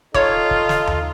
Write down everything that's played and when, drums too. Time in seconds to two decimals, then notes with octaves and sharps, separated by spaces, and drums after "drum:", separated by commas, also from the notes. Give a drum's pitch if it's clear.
0.14 D#4 F4 A4 C#5 D#5, drum: kick
0.51 drum: kick
0.69 drum: snare
0.87 drum: tom D#2